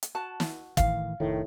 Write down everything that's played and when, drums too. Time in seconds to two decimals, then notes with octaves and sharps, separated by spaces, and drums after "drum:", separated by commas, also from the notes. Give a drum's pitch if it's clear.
0.03 drum: hi-hat
0.15 F#4 A5
0.40 drum: snare
0.77 A2 D#3 E3 F5, drum: kick, hi-hat
1.20 F1 A2 D#3